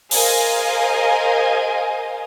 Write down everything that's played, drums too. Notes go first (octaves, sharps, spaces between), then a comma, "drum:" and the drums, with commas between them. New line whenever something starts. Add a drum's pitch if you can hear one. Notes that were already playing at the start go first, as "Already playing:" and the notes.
G#4 A#4 C5 D#5 F5 G#5, drum: open hi-hat